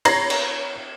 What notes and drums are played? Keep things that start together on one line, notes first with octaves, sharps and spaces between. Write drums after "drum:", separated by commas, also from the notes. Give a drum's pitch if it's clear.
C#5 A#5 B5 G#6 A#6 C7, drum: cymbal
drum: cymbal